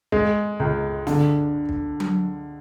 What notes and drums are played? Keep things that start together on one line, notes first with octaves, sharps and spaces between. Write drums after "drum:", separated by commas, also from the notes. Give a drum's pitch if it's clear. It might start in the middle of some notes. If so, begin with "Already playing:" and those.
G#3, drum: kick
C#2
D3, drum: snare
drum: kick
drum: tom F#3